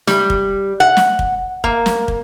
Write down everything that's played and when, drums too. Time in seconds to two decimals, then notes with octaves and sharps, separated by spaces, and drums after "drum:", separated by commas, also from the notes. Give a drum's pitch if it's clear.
0.07 G3, drum: snare
0.30 drum: kick
0.80 F#5
0.97 drum: snare
1.19 drum: kick
1.64 A#3, drum: kick
1.86 drum: snare
2.08 drum: kick